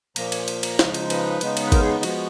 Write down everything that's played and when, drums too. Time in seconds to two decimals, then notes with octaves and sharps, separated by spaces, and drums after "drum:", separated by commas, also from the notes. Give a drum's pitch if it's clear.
0.16 A#2 F3 A#3 A#5, drum: cymbal
0.32 G#5, drum: cymbal
0.48 drum: cymbal
0.63 A#5, drum: cymbal
0.79 C#3 F3 G#3 D#4, drum: snare
0.94 drum: cymbal
1.10 B4, drum: cymbal
1.41 C#3 G#3 B3 D#4, drum: cymbal
1.57 drum: cymbal
1.66 B4
1.72 A#4, drum: kick G#1, cymbal
1.83 G#4
2.03 F3 G#3 B3 F#4, drum: cymbal